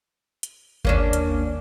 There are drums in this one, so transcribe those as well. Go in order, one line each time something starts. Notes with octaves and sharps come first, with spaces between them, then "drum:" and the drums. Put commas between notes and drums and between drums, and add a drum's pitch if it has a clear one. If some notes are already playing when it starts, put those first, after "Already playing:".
drum: hi-hat
D#2 A#3 C#4 D4, drum: kick G1
drum: hi-hat